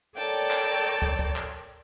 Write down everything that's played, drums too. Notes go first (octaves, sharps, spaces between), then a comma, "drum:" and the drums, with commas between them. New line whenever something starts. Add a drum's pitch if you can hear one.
A4 A#4 C#5 D5 G5 A5
drum: clap
drum: kick
drum: kick
drum: clap